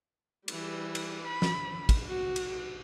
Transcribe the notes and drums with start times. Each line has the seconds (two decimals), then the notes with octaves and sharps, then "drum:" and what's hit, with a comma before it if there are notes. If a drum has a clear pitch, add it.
0.48 E3 G3, drum: cymbal
0.95 drum: cymbal
1.24 B5
1.42 drum: snare
1.89 drum: kick, cymbal
2.07 F#4
2.36 drum: cymbal